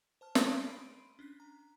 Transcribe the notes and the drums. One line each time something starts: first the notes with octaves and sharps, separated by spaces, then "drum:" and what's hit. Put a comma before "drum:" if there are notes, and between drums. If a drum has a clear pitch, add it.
C5 A5 F6
A3 C#4 C#5 F5 G#5, drum: snare
B5 C6 C7 D7 D#7
C#4 D4 F#6 B6
A#5